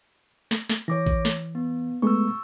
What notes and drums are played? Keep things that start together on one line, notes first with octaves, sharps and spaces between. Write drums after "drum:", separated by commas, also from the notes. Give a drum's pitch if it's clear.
drum: snare
drum: snare
E3 C#5 D6 A#6
drum: kick
drum: snare
B3
G#3 A3 B3 C#6 E6